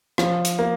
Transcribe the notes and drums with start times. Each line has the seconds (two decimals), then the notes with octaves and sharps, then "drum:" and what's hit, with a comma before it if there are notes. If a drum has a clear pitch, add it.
0.18 F3, drum: rim click
0.45 drum: hi-hat
0.59 A#3